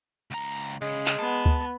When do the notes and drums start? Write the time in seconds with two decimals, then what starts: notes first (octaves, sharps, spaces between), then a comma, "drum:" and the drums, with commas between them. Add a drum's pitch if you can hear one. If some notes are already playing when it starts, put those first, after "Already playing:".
0.31 C#2 A#5
0.81 C#3 G#3
1.06 drum: clap
1.19 B3 A5
1.46 drum: kick D2